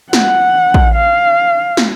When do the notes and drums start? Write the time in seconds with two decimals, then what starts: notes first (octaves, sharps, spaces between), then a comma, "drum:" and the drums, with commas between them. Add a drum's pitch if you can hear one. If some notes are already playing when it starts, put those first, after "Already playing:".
0.13 F#5, drum: snare
0.74 drum: kick
0.95 F5
1.77 drum: snare